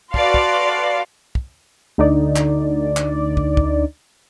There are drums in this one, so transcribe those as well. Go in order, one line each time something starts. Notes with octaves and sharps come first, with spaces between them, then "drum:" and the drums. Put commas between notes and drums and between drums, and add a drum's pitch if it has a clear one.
F#4 A4 B4 D5 F5 C6, drum: kick
drum: kick
drum: kick
D2 D3 D#4 D5
drum: clap
drum: clap
drum: kick
drum: kick